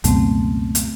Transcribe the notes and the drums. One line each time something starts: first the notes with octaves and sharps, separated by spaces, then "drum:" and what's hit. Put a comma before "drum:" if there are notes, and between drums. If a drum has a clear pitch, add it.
C#2 F#2 B2 A3 C4, drum: hi-hat
drum: hi-hat